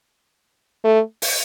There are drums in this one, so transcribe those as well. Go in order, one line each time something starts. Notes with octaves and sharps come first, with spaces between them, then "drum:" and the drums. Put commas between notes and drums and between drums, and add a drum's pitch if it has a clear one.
A3
drum: open hi-hat